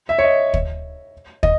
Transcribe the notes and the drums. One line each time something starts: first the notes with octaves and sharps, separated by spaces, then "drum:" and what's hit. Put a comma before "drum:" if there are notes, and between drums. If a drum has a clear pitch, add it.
E5
C#5
D#5
drum: kick
D#5, drum: kick